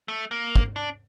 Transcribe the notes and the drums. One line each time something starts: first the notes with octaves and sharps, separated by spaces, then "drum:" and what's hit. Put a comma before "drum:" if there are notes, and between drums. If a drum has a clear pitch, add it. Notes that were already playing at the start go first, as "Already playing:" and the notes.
A3
A#3
drum: kick
D4